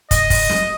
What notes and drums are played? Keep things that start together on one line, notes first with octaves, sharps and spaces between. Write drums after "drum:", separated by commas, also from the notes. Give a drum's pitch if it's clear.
D#5, drum: kick, hi-hat
drum: kick, open hi-hat
drum: snare